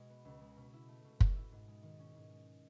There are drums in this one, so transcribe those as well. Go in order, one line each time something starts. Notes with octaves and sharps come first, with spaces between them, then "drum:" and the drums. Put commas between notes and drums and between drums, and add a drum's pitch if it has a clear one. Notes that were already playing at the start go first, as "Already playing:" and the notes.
Already playing: B2 G#3
B3
C#2
G#3
B2
E4
A3
B2
B2, drum: kick
E4
G#2
G#3
D#3
C#4
G#2
G#3